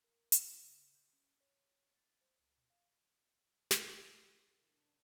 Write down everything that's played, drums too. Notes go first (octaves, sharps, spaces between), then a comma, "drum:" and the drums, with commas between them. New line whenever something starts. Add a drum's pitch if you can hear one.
A#4
F4, drum: hi-hat
C#3
G6
C#4
C#5
A6
C5
C#2
B2
F5
drum: snare
B2 D5
B4
A#2 A5
E3 D4
G#2 C#3